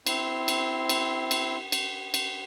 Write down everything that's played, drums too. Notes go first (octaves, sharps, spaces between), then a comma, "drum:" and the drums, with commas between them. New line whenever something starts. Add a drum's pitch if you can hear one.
C4 E4 C6, drum: cymbal
drum: cymbal
drum: cymbal
drum: cymbal
drum: cymbal
drum: cymbal